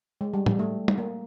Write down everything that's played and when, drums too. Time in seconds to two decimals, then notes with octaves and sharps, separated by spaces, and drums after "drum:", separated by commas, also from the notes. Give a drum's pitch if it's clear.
0.21 G#3
0.34 G3
0.46 G3, drum: tom
0.59 A3
0.88 drum: tom
0.98 A#3